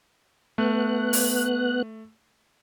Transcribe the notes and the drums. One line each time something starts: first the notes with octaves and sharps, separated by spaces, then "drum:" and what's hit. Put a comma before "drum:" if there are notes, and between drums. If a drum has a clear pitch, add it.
A3 B3 F#6
drum: open hi-hat